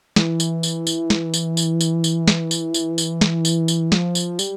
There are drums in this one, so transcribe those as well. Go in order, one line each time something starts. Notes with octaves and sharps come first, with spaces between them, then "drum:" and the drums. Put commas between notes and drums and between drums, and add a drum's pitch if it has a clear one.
E3, drum: snare
drum: tambourine
drum: tambourine
drum: tambourine
drum: snare
drum: tambourine
drum: tambourine
drum: tambourine
drum: tambourine
drum: snare
drum: tambourine
drum: tambourine
drum: tambourine
drum: snare
drum: tambourine
drum: tambourine
F3, drum: snare
drum: tambourine
G3, drum: tambourine